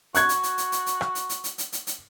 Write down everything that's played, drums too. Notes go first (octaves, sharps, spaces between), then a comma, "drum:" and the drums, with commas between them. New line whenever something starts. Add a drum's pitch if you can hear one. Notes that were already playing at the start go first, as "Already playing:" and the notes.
F#4 C#6 F#6 G#6, drum: hi-hat
drum: hi-hat
drum: hi-hat
drum: hi-hat
drum: hi-hat
drum: hi-hat
drum: rim click
drum: hi-hat
drum: hi-hat
drum: hi-hat
drum: hi-hat
drum: hi-hat
drum: hi-hat